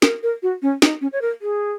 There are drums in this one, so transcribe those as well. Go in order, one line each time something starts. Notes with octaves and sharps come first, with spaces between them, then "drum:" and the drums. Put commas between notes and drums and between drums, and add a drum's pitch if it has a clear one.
A#4, drum: snare
A#4
F#4
C#4
D#4, drum: snare
C#4
C#5
A#4
G#4